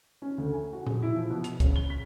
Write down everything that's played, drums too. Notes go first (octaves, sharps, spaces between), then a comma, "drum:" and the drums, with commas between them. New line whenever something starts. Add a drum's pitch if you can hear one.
C#4
D2
G#5
F#4
G#4, drum: tom A#2
E4
F3
B2
F7, drum: hi-hat
C#3, drum: kick, hi-hat
G7
B6